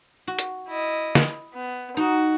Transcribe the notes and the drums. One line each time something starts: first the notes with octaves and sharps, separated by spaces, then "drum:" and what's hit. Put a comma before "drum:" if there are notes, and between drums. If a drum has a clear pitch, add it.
F#4
drum: hi-hat
E4 D#5
drum: snare
B3
D#4 F#4